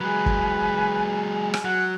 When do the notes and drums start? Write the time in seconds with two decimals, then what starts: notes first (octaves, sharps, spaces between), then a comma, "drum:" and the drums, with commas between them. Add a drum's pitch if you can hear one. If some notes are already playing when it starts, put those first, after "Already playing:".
0.01 F#3 G#3 B4 G#5
0.26 drum: kick
1.54 drum: rim click
1.65 F#3 F#5